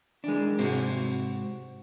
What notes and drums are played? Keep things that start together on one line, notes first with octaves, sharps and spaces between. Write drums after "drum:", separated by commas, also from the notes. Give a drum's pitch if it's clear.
D#3 E3 G#3 D4
G#2 C3 C4 F#4, drum: open hi-hat